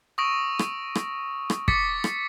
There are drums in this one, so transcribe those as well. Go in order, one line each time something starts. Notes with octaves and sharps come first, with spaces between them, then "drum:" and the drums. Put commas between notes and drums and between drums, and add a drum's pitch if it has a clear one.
C#6 D#6 E6 A#6 D7
drum: rim click
drum: rim click
drum: rim click
D6 A6 B6 C#7, drum: kick
drum: rim click